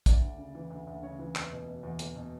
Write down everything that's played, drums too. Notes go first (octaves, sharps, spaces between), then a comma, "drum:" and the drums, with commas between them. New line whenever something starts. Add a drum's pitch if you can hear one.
D2 D5, drum: kick, hi-hat
D2
C#3
E3
D2
D2
C#3 C#5
E3
E2, drum: clap
B2
B2
E2
E2, drum: hi-hat
B2